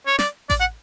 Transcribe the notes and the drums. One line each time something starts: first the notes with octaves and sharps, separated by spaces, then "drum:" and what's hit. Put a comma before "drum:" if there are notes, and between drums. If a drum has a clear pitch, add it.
C#5
D5, drum: snare
D5, drum: kick A1, open hi-hat
F#5